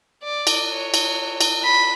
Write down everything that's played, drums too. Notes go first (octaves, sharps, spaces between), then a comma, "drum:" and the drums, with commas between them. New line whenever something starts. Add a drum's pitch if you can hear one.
D5
drum: cymbal
C#5
drum: cymbal
drum: cymbal
B5